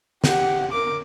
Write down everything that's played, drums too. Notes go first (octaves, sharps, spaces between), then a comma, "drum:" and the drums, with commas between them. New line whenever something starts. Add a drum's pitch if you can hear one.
G4 F#5, drum: snare
A#4 D6